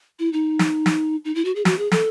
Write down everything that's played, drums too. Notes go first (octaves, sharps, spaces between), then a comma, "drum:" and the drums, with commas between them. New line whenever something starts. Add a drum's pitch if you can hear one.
E4
D#4
drum: snare
drum: snare
D#4
E4
F#4
G#4
F#4, drum: snare
G#4
A4, drum: snare